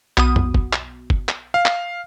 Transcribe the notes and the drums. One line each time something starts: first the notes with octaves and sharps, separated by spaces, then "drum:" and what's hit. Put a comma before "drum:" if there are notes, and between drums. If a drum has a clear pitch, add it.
B1 D#6, drum: clap
drum: tom F2
drum: kick
drum: clap
drum: kick
drum: clap
F5
drum: clap